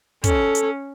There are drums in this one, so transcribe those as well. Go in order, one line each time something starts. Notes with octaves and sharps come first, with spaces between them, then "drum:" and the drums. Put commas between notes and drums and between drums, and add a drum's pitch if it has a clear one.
C#4 A4, drum: kick, hi-hat
drum: hi-hat